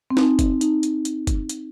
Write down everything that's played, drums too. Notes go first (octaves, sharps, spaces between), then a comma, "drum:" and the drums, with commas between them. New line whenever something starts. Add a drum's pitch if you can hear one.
C4
D#4, drum: snare E4
drum: kick, hi-hat
D#4, drum: hi-hat
drum: hi-hat
drum: hi-hat
drum: kick, hi-hat
drum: hi-hat